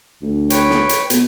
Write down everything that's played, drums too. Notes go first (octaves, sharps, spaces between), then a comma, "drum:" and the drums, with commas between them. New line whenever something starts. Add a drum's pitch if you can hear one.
D2
B4 C#5 G5, drum: hi-hat
drum: snare
drum: hi-hat
B2, drum: hi-hat